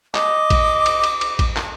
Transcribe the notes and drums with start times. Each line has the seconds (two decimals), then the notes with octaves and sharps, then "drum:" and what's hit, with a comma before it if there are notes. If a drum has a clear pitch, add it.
0.15 D#5 D6, drum: clap
0.50 drum: kick, cymbal
0.86 drum: cymbal
1.04 drum: cymbal
1.21 drum: cymbal
1.39 drum: kick, cymbal
1.57 drum: clap